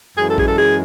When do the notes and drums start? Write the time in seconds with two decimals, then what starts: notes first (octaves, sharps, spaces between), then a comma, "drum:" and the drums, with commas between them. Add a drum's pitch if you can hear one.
0.18 F#2 E3 G#3 C#4 G#4
0.28 A4
0.38 G#4, drum: kick A1
0.47 A4
0.58 G#4